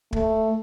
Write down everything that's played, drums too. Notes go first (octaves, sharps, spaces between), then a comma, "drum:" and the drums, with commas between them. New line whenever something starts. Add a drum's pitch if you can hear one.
A3, drum: kick